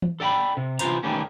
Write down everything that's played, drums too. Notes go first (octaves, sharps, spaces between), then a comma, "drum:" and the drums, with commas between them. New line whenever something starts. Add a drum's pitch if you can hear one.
drum: tom E3
A4 D5 G5 A#5 B5
C3
C3 E3 F4 C5 A#5, drum: hi-hat
D#3 E3 G3 A3 A#3 C#4